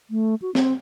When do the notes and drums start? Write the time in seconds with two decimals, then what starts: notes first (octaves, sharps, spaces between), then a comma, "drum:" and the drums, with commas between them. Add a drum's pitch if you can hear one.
0.10 A3
0.42 F#4
0.55 C4, drum: snare